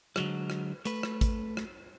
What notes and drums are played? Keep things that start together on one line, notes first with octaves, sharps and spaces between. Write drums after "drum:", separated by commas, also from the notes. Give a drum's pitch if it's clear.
D3 F#3 G#3, drum: rim click
drum: rim click
A3 B4, drum: hi-hat
drum: rim click
drum: kick, hi-hat
drum: rim click